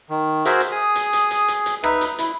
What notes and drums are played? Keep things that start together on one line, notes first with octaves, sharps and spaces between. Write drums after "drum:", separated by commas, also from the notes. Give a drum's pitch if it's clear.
D#3
F#4 G#4 A#4 C5 E5, drum: hi-hat
drum: hi-hat
G#4 D#6
drum: hi-hat
drum: hi-hat
drum: hi-hat
drum: hi-hat
drum: hi-hat
D#4 B4 E5, drum: rim click
drum: hi-hat
E4, drum: hi-hat